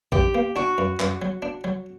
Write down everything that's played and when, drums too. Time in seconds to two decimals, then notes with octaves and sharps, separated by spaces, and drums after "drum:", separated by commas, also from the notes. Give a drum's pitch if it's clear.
0.12 F#2 G4, drum: kick A#1
0.35 A#3
0.56 D4 F#4
0.78 F#2
1.00 F#2, drum: clap
1.22 F#3
1.42 D4
1.64 F#3